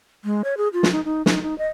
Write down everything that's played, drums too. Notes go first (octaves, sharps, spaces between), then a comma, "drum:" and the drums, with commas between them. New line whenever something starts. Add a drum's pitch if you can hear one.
G#3
C#5
G#4
F4
drum: snare
D#4
D#4
D#4, drum: snare
D#4
D#5